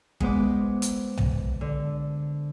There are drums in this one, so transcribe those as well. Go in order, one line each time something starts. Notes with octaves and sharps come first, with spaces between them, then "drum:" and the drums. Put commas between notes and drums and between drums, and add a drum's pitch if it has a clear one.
G#3 B3 C5 D6, drum: kick G1
drum: hi-hat
drum: tom
D3